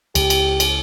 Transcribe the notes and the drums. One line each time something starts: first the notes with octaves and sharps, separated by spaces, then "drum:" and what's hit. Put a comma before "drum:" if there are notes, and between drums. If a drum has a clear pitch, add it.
C#2 G4, drum: cymbal
drum: cymbal
drum: cymbal